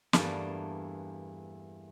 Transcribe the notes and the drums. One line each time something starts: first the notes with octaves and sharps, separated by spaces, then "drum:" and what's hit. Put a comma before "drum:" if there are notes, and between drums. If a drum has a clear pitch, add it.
E2 G2 E3 A3 A#3 D4, drum: snare